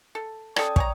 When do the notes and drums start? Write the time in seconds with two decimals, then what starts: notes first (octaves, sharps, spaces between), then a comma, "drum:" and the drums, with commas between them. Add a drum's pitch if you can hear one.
0.15 A4
0.56 C#4 A4 D5 G5 D#6, drum: rim click
0.76 C#5 G#5 A#5, drum: kick